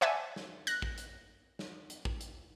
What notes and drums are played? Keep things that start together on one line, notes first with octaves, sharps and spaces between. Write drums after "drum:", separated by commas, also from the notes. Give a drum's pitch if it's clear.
C5 D5 E5 F#5 G#5 A5
drum: snare
F#6 A#6, drum: hi-hat
drum: kick
drum: hi-hat
drum: snare
drum: hi-hat
drum: kick
drum: hi-hat